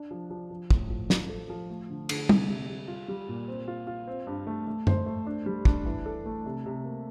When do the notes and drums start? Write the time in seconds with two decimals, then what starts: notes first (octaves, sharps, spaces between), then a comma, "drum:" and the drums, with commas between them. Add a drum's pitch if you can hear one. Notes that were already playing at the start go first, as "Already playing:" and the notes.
Already playing: D4
0.11 F3
0.30 F3
0.50 F3
0.71 A2, drum: kick
0.90 F3
1.10 F3, drum: snare
1.29 A4
1.50 F3
1.70 A3
1.89 D3
2.09 D3, drum: cymbal
2.29 C3, drum: tom
2.49 C3
2.69 G3
2.88 F4
3.08 G3
3.29 A#2
3.48 C4
3.68 F4
3.87 F4
4.07 C4
4.27 G2
4.47 A3
4.67 A3
4.87 C5, drum: tom F#2
5.06 A3
5.26 D4
5.46 G3
5.65 D4, drum: kick
5.86 E3
6.06 A4
6.26 A3
6.46 C3
6.66 C3
6.85 A#3